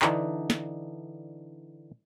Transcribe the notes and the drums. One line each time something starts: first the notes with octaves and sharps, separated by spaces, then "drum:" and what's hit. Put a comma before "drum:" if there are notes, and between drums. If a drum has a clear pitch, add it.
D3 E3 D4 D#4, drum: clap
drum: snare